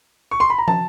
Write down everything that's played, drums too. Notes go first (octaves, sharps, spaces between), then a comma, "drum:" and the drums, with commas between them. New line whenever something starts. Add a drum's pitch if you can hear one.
C#6
C6
B5
A#5
A5, drum: tom